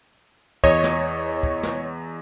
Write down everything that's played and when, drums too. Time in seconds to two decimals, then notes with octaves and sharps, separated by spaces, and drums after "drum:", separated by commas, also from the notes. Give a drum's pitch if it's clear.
0.64 E2 C#5 D#5, drum: kick
0.84 drum: snare
1.43 drum: kick
1.63 drum: snare